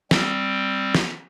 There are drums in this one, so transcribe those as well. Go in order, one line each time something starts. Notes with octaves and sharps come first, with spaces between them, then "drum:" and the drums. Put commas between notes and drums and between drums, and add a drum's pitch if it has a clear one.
G3 C4, drum: snare
drum: snare